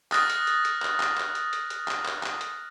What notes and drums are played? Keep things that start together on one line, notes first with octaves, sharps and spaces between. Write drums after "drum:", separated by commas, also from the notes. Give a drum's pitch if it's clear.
D#6 F6 F#6 A6 A#6, drum: clap
drum: hi-hat
drum: hi-hat
drum: hi-hat
drum: clap
drum: clap
drum: clap
drum: hi-hat
drum: hi-hat
drum: hi-hat
drum: clap
drum: clap
drum: clap
drum: hi-hat